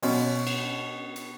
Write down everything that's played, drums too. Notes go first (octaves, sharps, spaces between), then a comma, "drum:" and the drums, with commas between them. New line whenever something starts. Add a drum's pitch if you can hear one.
B2 C#4, drum: open hi-hat
drum: cymbal
drum: hi-hat